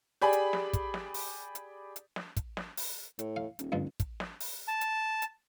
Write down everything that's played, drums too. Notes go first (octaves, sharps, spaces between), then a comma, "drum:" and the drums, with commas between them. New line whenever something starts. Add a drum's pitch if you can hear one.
G4 G#4 D5 G#5 B5
drum: hi-hat
drum: snare
drum: kick, hi-hat
drum: snare
drum: open hi-hat
drum: hi-hat
drum: hi-hat
drum: snare
drum: kick, hi-hat
drum: snare
drum: open hi-hat
A2, drum: hi-hat
F5
D#1, drum: hi-hat
D2 G2 F3
drum: kick, hi-hat
drum: snare
drum: open hi-hat
A5
drum: hi-hat
drum: hi-hat